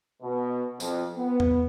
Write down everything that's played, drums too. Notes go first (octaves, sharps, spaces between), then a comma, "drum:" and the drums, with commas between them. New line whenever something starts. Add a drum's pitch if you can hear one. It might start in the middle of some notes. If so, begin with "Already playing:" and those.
B2
F2, drum: tambourine
B3
drum: tom E2